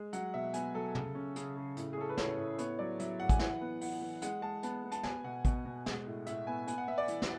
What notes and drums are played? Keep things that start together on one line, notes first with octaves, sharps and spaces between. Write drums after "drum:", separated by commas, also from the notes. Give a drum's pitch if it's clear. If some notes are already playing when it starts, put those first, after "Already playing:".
Already playing: G#3
F#3 F#5, drum: hi-hat
B2 E5
B3 G#5, drum: hi-hat
F#3 A4
C#3, drum: tom
C#4
C#3 G#4, drum: hi-hat
C#3
A2, drum: hi-hat
G#4
C#4 A4
B4
A2 C#5, drum: snare
A2
B3 C#5, drum: hi-hat
F#3 D5
F#3 E5, drum: hi-hat
A2 F#5
G#5, drum: kick, hi-hat
E3 F#5, drum: snare
B3
E3 F#5, drum: open hi-hat
E3
G#3 F#5, drum: hi-hat
G#3 A5
B3 A5, drum: hi-hat
B3
A5, drum: hi-hat
B3 G#5, drum: snare
B2 F#5
B2, drum: kick, hi-hat
B2
G#3, drum: snare
A2
A2 E5, drum: hi-hat
B3 G#5
B3 G#5, drum: hi-hat
F#5
B3 E5
D5
E3, drum: hi-hat
drum: snare